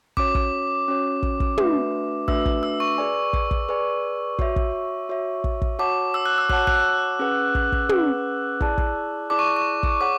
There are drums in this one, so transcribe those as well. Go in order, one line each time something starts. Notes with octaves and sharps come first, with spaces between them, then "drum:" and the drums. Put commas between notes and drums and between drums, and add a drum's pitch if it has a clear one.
C#4 F#4 C#5 D6, drum: kick
drum: kick
C#4 F#4 C#5
drum: kick
drum: kick
A3 D4 F#4 B4 E5, drum: tom
A3 D4 F#4 B4 E5 E6, drum: kick
drum: kick
E6
C#6
G#4 B4 D5 G#5
drum: kick
drum: kick
G#4 B4 D5 G#5
F#4 C#5 E5, drum: kick
drum: kick
F#4 C#5 E5
drum: kick
drum: kick
F#4 C#5 F#5 A5 D6
E6
F#6
E6
F#4 C#5 F#5 A5 F#6, drum: kick
F#6, drum: kick
C#4 G#4 B4 F#5
drum: kick
drum: kick
C#4 G#4 B4 F#5, drum: tom
E4 G#4 D5 A5, drum: kick
drum: kick
E4 G#4 D5 A5 D6
C#6
C#6
drum: kick
G#4 C#5 F#5 D6